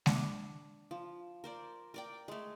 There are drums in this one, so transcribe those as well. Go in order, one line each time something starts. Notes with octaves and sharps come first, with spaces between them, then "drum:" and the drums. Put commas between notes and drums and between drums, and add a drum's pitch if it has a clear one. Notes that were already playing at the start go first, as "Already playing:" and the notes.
D4, drum: snare G#3
F3
A#4 C5 D5
A#4 D5 G5
G#3 A3